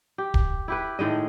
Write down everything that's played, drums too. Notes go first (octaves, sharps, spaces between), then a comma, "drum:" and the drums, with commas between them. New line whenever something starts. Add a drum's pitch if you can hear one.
G4
drum: kick D1
E4 G4 B4
A2 D#3 G#3 D#5